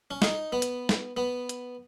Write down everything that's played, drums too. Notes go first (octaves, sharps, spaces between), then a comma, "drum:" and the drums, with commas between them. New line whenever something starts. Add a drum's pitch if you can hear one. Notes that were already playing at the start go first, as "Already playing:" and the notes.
C#4
D#4, drum: snare
B3
drum: hi-hat
drum: snare
B3
drum: hi-hat